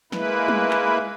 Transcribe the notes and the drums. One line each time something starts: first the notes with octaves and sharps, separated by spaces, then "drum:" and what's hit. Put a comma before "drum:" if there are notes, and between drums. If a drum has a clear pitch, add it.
G#3 A#3 E4 B4, drum: snare
drum: tom G3
drum: clap